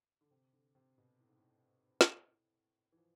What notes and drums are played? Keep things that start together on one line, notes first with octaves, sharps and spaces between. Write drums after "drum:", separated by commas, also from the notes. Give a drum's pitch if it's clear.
D3
C3
D3
C3
B2
A2
G#2
A2
drum: snare
E3
F3